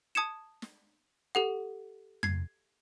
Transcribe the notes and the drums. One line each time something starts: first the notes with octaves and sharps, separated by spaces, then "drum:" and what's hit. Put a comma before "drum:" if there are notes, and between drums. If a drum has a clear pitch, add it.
A5 D#6 G#6 C#7 E7
drum: snare
G4 A4 F#5
G#6 C7, drum: tom F2